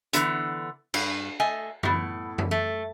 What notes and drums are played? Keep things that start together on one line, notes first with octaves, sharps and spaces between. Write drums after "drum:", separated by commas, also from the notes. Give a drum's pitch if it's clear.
D3 E3 B3, drum: hi-hat
G2, drum: cymbal
A3 D#5 G#5
A2 B3, drum: tom F#2
drum: tom F#2
A3